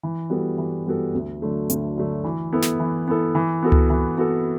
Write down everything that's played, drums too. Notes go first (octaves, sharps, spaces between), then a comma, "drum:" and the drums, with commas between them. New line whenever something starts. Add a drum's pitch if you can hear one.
E3
G3 B3 F#4 A4
E3
G3 B3 F#4 A4
D2
D3 F#3 A3
D2, drum: hi-hat
D3 F#3 A3
E3
B3 E4 A4
drum: snare
E3
B3 E4 A4
E3
B3 F#4 A4
drum: tom C#2
E3
B3 F#4 A4